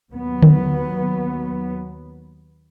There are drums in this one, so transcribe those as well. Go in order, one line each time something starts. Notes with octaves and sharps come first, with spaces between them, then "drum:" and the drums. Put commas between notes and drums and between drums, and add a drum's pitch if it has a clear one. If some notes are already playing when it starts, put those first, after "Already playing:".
D#2 F#3 B3
drum: tom D3